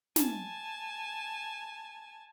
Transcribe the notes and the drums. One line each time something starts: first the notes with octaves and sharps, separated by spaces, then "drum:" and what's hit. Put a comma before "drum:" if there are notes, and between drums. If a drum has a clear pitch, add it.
G#5 A5, drum: snare